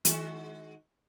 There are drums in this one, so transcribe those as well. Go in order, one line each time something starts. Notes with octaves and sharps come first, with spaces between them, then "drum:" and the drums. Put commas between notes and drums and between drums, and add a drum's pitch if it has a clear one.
D#3 G#3 F#4, drum: hi-hat